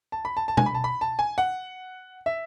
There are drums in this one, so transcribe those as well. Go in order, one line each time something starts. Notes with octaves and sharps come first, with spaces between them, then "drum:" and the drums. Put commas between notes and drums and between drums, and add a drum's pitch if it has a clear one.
A5
B5
A5
A5
G#5, drum: tom B2
B5
A5
B5
A5
G#5
F#5
E5